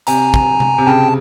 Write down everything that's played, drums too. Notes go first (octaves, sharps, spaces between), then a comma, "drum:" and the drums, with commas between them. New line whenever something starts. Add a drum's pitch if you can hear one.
C3 G#5 A#5, drum: hi-hat
drum: kick
drum: tom C3
C3
C#3 G5 A5